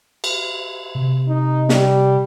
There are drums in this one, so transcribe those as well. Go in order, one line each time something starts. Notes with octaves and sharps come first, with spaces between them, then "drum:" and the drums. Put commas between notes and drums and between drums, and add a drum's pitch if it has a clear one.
drum: cymbal
C3
D#4
G3, drum: snare